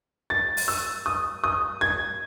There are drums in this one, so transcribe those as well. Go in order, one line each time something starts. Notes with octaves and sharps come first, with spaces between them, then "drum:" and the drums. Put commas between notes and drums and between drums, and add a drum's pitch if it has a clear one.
A6
drum: open hi-hat
E6
D#6
D#6
G#6